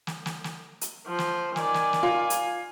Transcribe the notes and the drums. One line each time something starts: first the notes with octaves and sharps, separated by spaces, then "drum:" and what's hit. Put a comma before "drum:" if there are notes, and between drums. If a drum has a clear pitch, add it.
drum: snare
drum: snare
drum: snare
drum: hi-hat
F3 C5
drum: snare
D#3 D5 G#5, drum: snare
drum: snare
drum: snare
F4
drum: hi-hat